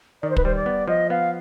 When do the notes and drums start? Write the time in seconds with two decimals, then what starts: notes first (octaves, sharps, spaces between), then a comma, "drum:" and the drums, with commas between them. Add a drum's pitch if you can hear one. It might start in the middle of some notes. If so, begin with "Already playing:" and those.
0.22 D#3 D5
0.30 C5
0.36 B4, drum: kick
0.44 G3 C5
0.55 D5
0.66 B3
0.88 F3 D#5
1.10 B3 F5